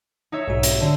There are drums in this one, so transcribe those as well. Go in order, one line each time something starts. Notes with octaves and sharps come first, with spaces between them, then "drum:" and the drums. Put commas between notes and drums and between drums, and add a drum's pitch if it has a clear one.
D#4 C#5 E5
B1 G#2 F#4 E5
drum: hi-hat
D3